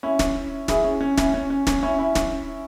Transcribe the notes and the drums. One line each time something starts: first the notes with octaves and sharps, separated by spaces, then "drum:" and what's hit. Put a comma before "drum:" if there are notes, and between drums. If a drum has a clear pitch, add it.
C#4 E4
drum: snare
E4 G#4, drum: snare
C#4
C#4
C#4 E4, drum: snare
C#4
C#4
C#4, drum: snare
C#4 E4
C#4 E4
drum: snare